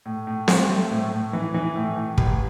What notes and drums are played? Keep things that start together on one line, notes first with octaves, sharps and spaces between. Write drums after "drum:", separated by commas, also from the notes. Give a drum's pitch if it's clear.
A2
A2
C4, drum: snare C4
A3
A2
A2
E3
E3
A2
A2
A1, drum: kick